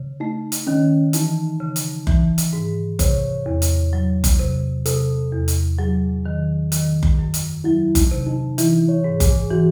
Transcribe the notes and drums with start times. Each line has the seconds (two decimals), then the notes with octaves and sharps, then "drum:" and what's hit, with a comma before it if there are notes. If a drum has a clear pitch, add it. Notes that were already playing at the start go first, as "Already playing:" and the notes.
Already playing: C#3
0.20 A3 D#4
0.52 drum: hi-hat
0.67 D#3 C#4
1.13 E3 D#4, drum: hi-hat
1.60 C#3
1.76 drum: hi-hat
2.07 E3, drum: kick F#1
2.38 drum: hi-hat
2.53 G#2
2.99 C3 C#5, drum: kick F#1, hi-hat
3.46 E2
3.62 drum: hi-hat
3.93 F#3
4.24 drum: kick F#1, hi-hat
4.39 C3
4.86 C3 A4, drum: hi-hat
5.32 E2
5.48 drum: hi-hat
5.79 F#3 G#4
6.26 D#3
6.72 D#3, drum: hi-hat
7.03 drum: kick F#1
7.19 F#2
7.34 drum: hi-hat
7.64 F#3 E4
7.95 D#4, drum: kick F#1, hi-hat
8.11 C3
8.26 D#4
8.58 E3 E4, drum: hi-hat
8.89 C#5
9.04 G#2
9.20 G#4, drum: kick F#1, hi-hat
9.51 E3 F#4